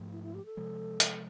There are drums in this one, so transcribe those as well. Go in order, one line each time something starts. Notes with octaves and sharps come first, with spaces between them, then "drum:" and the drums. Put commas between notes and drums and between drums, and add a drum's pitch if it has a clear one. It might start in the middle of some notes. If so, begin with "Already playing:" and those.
Already playing: G#2 F3 A3
E4
E4
G4
A4
C3 F3 G#3
drum: hi-hat